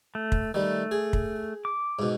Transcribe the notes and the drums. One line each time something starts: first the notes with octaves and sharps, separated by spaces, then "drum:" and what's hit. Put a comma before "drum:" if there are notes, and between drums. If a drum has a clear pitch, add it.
A3
drum: kick
D#3 G3 A3
G#4
drum: kick
D6
G#2 B2